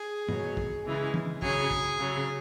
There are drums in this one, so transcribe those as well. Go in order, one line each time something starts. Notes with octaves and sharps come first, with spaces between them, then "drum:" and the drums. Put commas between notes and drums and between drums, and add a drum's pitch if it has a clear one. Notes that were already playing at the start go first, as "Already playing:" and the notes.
Already playing: G#4
B2 F#3, drum: tom
drum: kick
C#3 E3 G#3
drum: tom
C#3 F#3 G#4, drum: kick
drum: kick
C#3 F#3